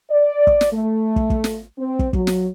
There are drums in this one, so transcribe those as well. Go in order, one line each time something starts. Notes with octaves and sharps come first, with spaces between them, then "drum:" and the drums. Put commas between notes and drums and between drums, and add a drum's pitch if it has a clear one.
D5
drum: kick
drum: snare
A3
drum: kick
drum: kick
drum: snare
C4
drum: kick
F#3, drum: kick
drum: snare